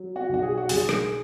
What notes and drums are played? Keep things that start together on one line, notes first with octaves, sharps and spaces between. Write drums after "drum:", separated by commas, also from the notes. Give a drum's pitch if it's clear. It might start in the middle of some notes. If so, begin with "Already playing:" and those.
Already playing: F#3
F#4
B1 F#4
G#4
F#4
B1 G#4, drum: open hi-hat
drum: rim click